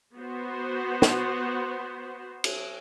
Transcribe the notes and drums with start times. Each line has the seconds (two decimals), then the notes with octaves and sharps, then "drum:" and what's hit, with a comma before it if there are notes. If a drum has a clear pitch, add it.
0.16 B3 F#4 C5
1.02 drum: snare
2.44 drum: cymbal